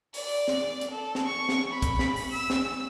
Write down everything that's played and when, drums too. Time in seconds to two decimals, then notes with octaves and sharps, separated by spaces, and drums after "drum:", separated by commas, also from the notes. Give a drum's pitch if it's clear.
0.14 D5, drum: open hi-hat
0.48 drum: snare
0.81 drum: hi-hat
0.91 A4
1.15 drum: snare
1.26 C#6
1.49 drum: snare
1.71 B5
1.82 drum: kick, hi-hat
1.99 drum: snare
2.16 drum: open hi-hat
2.32 E6
2.50 drum: snare